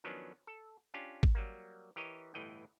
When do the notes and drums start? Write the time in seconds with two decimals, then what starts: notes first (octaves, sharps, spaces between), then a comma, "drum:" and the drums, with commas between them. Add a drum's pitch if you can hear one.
0.04 D#3 F3 F#3 B3 C#4 D4
0.47 A4
0.94 C#4 D4 F4 G4
1.23 drum: kick
1.35 F#3 G3 A#3
1.96 E3 G4 A#4 C#5 D#5
2.34 G1 A2 E3 D#5 G5